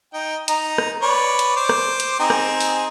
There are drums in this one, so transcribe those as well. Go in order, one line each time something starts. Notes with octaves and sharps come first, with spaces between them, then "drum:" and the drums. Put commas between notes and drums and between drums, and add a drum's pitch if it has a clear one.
D#4 G5
D#4 A#5, drum: hi-hat
drum: rim click
B4 C#5 D5
drum: hi-hat
C5 D6
drum: rim click
drum: hi-hat
C4 D#4 G#4
drum: rim click
drum: open hi-hat